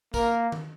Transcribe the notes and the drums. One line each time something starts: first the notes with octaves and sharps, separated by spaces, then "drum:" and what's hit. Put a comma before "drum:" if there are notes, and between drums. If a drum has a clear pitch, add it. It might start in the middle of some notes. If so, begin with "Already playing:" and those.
A#3 A#4, drum: kick, tambourine
drum: tom D#3